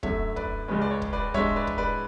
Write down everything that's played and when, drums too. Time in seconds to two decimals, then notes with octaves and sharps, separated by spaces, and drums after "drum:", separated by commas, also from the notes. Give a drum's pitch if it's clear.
0.03 F#2 D3 A3 C#5 E5, drum: kick
0.36 B4 D5, drum: kick
0.68 C#2 C#3 G#3 C#4 B4
0.81 D5
0.91 C#5
1.02 drum: kick
1.13 B4 D5
1.34 G#2 G#3 D4 C#5 E5, drum: kick
1.56 B4 D5
1.67 drum: kick
1.78 B4 D5